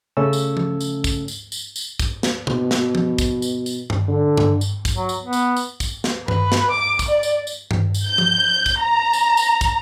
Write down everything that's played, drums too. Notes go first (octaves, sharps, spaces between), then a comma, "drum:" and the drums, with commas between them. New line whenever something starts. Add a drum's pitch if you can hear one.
C#3 A3 C#4 A4 E6
drum: tambourine
drum: tom F3
drum: tambourine
drum: kick, tambourine
drum: tambourine
drum: tambourine
drum: tambourine
drum: kick, tambourine
drum: snare
B2, drum: tom C3
drum: snare
drum: tom F3
drum: kick, tambourine
drum: tambourine
drum: tambourine
drum: tom G2
D3
drum: tom G2
drum: tambourine
drum: kick, tambourine
F#3
drum: tambourine
B3
drum: tambourine
drum: tambourine
drum: kick, tambourine
drum: snare
B4, drum: tom G2
drum: snare
D6
drum: kick, tambourine
D5
drum: tambourine
drum: tambourine
drum: tom G2
drum: tambourine
G6
drum: tom F3
drum: kick, tambourine
A#5
drum: tambourine
drum: tambourine
drum: kick, tambourine